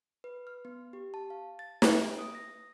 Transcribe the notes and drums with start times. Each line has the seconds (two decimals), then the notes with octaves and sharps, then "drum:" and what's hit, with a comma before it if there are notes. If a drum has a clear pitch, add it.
0.24 B4
0.47 F6
0.65 B3
0.93 G4
1.14 A5
1.30 F5
1.59 A6
1.82 D7, drum: snare
2.19 D#6
2.35 A#6